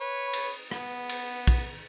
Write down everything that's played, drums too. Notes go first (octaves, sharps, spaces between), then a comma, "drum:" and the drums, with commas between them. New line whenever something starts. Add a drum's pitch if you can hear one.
B4 C#5
drum: cymbal
B3, drum: rim click
drum: cymbal
drum: kick, cymbal